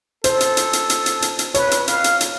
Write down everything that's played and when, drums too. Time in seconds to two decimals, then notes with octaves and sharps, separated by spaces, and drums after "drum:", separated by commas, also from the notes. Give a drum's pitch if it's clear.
0.24 A4 C5, drum: hi-hat
0.40 drum: hi-hat
0.57 drum: hi-hat
0.73 drum: hi-hat
0.90 drum: hi-hat
1.06 drum: hi-hat
1.22 drum: hi-hat
1.39 drum: hi-hat
1.54 B4 C#5, drum: hi-hat
1.71 drum: hi-hat
1.88 F5, drum: hi-hat
2.04 drum: hi-hat
2.21 drum: hi-hat